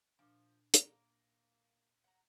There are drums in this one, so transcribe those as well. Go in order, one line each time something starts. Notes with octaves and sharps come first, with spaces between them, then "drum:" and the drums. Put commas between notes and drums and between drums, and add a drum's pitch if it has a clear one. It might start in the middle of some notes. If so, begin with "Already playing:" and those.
A#2 F3 D4
A#3, drum: hi-hat
F#5 A#5